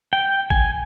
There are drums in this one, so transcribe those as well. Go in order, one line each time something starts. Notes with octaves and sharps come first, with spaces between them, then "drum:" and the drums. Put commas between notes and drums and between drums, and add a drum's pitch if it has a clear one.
G5
G#5, drum: kick G#1